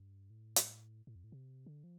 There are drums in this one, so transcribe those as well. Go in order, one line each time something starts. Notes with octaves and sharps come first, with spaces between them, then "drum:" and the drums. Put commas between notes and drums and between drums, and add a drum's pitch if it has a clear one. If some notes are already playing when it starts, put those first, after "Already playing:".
Already playing: G2
A2
drum: hi-hat
A2
F2
A2
C3
D3
F3